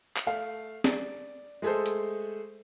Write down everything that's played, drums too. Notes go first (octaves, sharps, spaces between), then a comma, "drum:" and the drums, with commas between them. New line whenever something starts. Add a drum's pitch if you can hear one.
drum: clap
A3 F5
D5, drum: snare
G#3 A3 G#4 A4 C5
drum: hi-hat